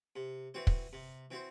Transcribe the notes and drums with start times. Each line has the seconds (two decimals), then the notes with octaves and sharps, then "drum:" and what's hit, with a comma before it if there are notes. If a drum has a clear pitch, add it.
0.16 C3
0.54 E3 C4 F#4 C5
0.67 drum: kick
0.93 C3
1.31 E3 C4 F#4 C5